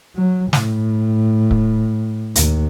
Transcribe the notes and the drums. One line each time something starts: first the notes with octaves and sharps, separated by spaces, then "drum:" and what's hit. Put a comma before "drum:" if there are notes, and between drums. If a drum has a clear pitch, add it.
F#3
A2, drum: snare
drum: kick C#1
D#2, drum: hi-hat